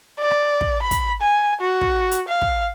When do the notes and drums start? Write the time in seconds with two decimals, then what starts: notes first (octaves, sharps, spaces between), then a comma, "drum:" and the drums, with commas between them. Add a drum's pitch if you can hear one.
0.19 D5
0.31 drum: rim click
0.61 drum: kick
0.82 B5
0.91 drum: kick, hi-hat
1.21 G#5
1.60 F#4
1.81 drum: kick
2.11 drum: hi-hat
2.28 F5
2.42 drum: kick